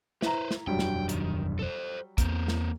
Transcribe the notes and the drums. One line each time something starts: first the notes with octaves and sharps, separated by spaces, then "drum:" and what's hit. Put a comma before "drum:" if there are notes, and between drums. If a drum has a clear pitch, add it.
E4 B4 C5 A#5, drum: snare
drum: snare
E1 F#2 F#3 G3 D4 G5
drum: snare
D#3, drum: hi-hat
A4 C5
E2 A#3 C4, drum: kick, hi-hat
drum: snare